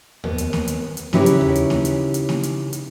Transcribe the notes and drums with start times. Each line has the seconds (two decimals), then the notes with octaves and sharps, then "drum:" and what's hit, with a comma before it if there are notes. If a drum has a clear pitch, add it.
0.24 D#2 B3, drum: tom D#2
0.38 drum: hi-hat
0.53 drum: snare A#3
0.68 drum: hi-hat
0.97 drum: hi-hat
1.13 C#3 D#4 E4 G4 B4 C#5, drum: snare A#3
1.26 drum: hi-hat
1.41 drum: tom D#2
1.55 drum: hi-hat
1.70 drum: snare A#3
1.85 drum: hi-hat
2.14 drum: hi-hat
2.29 drum: snare A#3
2.43 drum: hi-hat
2.73 drum: hi-hat